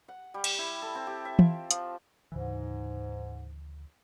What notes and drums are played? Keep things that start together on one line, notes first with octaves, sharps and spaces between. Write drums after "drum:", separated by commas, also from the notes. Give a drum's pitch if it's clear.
F#5
G3
drum: cymbal
E4
A4
C4
G4
E5
F4, drum: tom
F3, drum: hi-hat
D2 G#2 C#3 E3